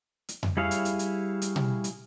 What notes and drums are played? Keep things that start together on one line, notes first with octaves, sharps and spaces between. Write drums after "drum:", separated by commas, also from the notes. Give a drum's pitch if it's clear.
drum: hi-hat
drum: tom F2
G3 E4 G#4 C#5 F5
drum: hi-hat
drum: hi-hat
drum: hi-hat
drum: hi-hat
drum: tom B2
drum: hi-hat